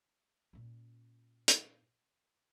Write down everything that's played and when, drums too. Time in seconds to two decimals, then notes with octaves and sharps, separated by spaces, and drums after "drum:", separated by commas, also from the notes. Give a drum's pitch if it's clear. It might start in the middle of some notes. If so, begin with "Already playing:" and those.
0.53 A#2 C#4
1.48 drum: hi-hat